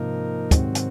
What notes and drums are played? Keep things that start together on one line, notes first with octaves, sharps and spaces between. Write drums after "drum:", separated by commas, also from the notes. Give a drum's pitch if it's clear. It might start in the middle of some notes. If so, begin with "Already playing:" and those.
Already playing: G#2 C3 F3 A#3 D#4 A#4
G#2 C3 D#3 F#3 C4 F#4, drum: kick, hi-hat
drum: hi-hat